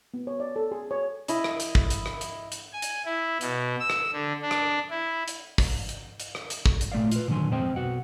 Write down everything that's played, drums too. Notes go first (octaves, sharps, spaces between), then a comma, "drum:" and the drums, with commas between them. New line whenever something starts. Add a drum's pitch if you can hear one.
B3
C#5
D5
A4
G#4
C#5
E4 D#5, drum: hi-hat
drum: rim click
drum: hi-hat
drum: kick
drum: hi-hat
drum: rim click
drum: hi-hat
drum: hi-hat
G#5
drum: hi-hat
E4
B2, drum: hi-hat
E6
drum: rim click
D3
D4
drum: rim click
E4
drum: hi-hat
drum: kick, open hi-hat
drum: hi-hat
drum: hi-hat
drum: rim click
drum: hi-hat
drum: kick
drum: hi-hat
A#2 A3 D5 F5
F4 B4, drum: hi-hat
A#2 D3 D#3 F#3 G#5 C6
F2 G#3 C4 C5 D#5 G5
B1 B3 F#4 F#5